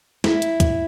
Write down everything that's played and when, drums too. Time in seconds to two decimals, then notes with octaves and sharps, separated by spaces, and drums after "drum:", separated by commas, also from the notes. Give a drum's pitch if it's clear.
0.24 E4, drum: snare
0.42 drum: hi-hat
0.60 drum: kick, hi-hat